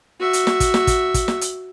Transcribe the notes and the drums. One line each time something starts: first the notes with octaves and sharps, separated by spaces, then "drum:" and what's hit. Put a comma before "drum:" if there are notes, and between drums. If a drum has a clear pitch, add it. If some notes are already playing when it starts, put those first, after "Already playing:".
F#4 E5
drum: hi-hat
drum: snare
drum: kick, hi-hat
drum: snare
drum: kick, hi-hat
drum: kick, hi-hat
drum: snare
drum: hi-hat